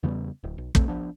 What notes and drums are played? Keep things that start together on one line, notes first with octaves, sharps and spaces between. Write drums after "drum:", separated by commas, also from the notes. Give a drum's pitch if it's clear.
E2 C#3 G3 B3
D1
B1
E1 B1 A3 C4, drum: kick
F3 B3 D4